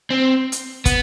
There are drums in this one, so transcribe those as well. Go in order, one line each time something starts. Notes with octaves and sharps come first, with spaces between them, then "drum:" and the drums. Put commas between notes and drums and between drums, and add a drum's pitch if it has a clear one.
C4
drum: hi-hat
B3, drum: kick, hi-hat